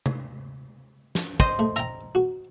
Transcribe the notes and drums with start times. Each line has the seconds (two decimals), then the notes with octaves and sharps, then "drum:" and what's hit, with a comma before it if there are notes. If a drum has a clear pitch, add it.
0.06 drum: tom C3
1.15 drum: snare
1.40 C5 D#5, drum: kick
1.59 A3
1.76 E5 G5 A#5
2.15 F#4